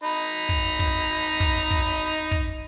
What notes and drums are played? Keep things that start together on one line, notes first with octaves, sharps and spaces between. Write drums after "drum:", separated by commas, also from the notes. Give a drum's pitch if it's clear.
D#4 A#5 B5
drum: kick
drum: kick
drum: kick
drum: kick
drum: kick